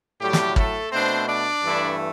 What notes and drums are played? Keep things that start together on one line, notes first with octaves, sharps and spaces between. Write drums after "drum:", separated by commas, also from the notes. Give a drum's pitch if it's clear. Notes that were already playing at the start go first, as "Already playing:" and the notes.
A2 F#3 G3 A3 G4
drum: snare
A3 A4, drum: kick
B2 A3 C4 D4 C5
D4 D5
G2 E3 A3 E4